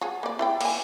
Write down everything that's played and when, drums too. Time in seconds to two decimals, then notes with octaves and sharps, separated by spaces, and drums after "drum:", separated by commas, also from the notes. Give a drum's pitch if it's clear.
0.01 F4 F#4 G#4
0.23 A#3 D5
0.39 E4 D5 G5
0.61 A#3 G#5, drum: cymbal